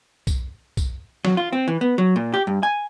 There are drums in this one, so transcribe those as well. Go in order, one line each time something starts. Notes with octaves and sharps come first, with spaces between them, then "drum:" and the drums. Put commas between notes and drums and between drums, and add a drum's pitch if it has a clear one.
drum: kick B1, tambourine
drum: kick B1, tambourine
F#3, drum: snare
F4
C4
E3
B3
F#3
A#2
G4
G2
G#5